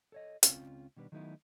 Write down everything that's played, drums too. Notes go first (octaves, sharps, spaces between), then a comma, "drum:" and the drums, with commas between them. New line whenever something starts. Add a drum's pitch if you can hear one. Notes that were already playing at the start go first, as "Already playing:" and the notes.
A4 C#5 D#5
C#2 C4 C#4 F4, drum: hi-hat
B2 D#3 G3 D4 B4
D#3 F#3 A3 B3 D#4 E4